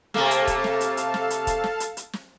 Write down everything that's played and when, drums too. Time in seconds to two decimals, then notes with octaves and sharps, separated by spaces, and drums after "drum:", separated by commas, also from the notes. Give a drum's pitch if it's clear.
0.14 C3 A3 A#3 A4 F5 A5, drum: snare
0.31 drum: hi-hat
0.47 drum: kick, hi-hat
0.64 drum: snare
0.81 drum: hi-hat
0.97 drum: hi-hat
1.14 drum: snare
1.30 drum: hi-hat
1.47 drum: kick, hi-hat
1.64 drum: snare
1.80 drum: hi-hat
1.97 drum: hi-hat
2.13 drum: snare